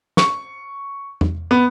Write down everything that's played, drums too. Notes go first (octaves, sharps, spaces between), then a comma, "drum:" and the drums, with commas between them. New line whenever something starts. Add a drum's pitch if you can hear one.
C#6, drum: snare
drum: tom E2
B3